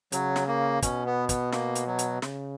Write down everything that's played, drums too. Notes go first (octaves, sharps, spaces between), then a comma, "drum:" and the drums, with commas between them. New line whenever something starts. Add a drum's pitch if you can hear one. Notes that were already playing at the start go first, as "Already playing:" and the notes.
C#3 F#3, drum: hi-hat
drum: snare
A#3
B2 C#4, drum: kick, hi-hat
B3
B3, drum: kick, hi-hat
A#3, drum: snare
drum: hi-hat
F#3
drum: hi-hat
C#3, drum: snare